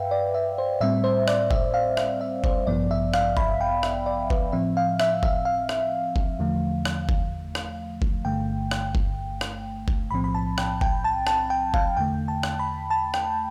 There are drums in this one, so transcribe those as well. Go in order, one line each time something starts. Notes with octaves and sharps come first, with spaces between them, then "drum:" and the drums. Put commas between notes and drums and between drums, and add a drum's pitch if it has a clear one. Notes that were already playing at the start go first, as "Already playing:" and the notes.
Already playing: G2 B4 E5 F5 G5
D5
E5
C5
A2 G3 C4 E5
C5
D5, drum: rim click
E5, drum: kick F#1
F5
F5, drum: rim click
E5
C5, drum: kick F#1
A1 G2 F3 B3 D5
E5
F5, drum: rim click
B5, drum: kick F#1
G5
E5, drum: rim click
D5
B4, drum: kick F#1
A2 F3 C4 E5
F5
E5, drum: rim click
E5, drum: kick F#1
F5
drum: rim click
drum: kick F#1
E2 D3 F3 A3
drum: rim click
drum: kick F#1
drum: rim click
drum: kick F#1
G1 G2 D3 A3 G5
drum: rim click
drum: kick F#1
drum: rim click
drum: kick F#1
B1 A2 F3 C4 B5
B5
A5
G5, drum: rim click
G5, drum: kick F#1
A5
A5, drum: rim click
G5
F5, drum: kick F#1
E2 D3 A3 G5
A5
drum: rim click
B5
A5
G5, drum: rim click